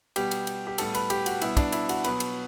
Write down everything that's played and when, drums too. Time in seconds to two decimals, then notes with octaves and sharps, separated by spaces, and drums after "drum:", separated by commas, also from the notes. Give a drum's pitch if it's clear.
0.16 B2 G3 B3 G4, drum: cymbal
0.31 drum: cymbal
0.47 drum: cymbal
0.67 G4
0.78 A2 G3 B3 A4, drum: cymbal
0.95 B4, drum: cymbal
1.10 G4, drum: cymbal
1.26 F#4, drum: cymbal
1.42 B2 G3 B3 E4, drum: cymbal
1.57 D4, drum: kick, cymbal
1.72 E4, drum: cymbal
1.89 F#4, drum: cymbal
2.04 B2 F#3 B3 B4, drum: cymbal
2.20 drum: cymbal